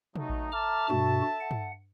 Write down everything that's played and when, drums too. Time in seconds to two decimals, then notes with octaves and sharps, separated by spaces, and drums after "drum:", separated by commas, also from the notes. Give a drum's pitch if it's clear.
0.16 F#3 A3 D#4, drum: tom
0.29 drum: kick A1
0.52 A4 E5 A5 A#5 D6 F6
0.90 G2 B2 F#4, drum: tom
1.41 F#5
1.51 drum: tom